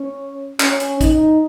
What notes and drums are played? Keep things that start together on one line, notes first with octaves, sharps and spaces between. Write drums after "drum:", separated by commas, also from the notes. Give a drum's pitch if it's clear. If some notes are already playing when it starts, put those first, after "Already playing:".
Already playing: C#4
C#4, drum: clap
drum: hi-hat
D#4, drum: kick, hi-hat